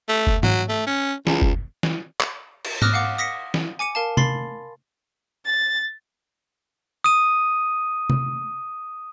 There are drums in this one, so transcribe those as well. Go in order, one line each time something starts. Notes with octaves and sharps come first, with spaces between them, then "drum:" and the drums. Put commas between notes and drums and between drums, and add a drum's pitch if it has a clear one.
A3
drum: kick
F#3, drum: tom G#2
A3
C#4
C#2, drum: snare
drum: kick
drum: snare
drum: clap
drum: cymbal
D6 D#6 F6 F#6 A#6, drum: tom G#2
F5 F#5 D6
D#6 A#6 B6 C#7
drum: snare
G#5 D6 C#7 D#7
A#4 F5 A5
B5 C6 A6 C7, drum: tom C3
A6
D#6 D#7
drum: tom C3